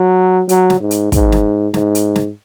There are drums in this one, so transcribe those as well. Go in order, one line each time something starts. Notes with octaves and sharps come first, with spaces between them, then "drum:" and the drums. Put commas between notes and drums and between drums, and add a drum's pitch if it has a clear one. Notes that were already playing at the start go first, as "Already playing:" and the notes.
Already playing: F#3
F#3, drum: hi-hat
drum: snare
G#2
drum: hi-hat
G#2, drum: kick, hi-hat
drum: snare
G#2, drum: snare
drum: hi-hat
drum: snare